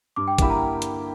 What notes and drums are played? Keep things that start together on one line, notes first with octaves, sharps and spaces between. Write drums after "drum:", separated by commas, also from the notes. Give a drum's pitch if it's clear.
G2 D6
G5
D3 A#3 E4 G4 B5, drum: kick, hi-hat
A#5
drum: hi-hat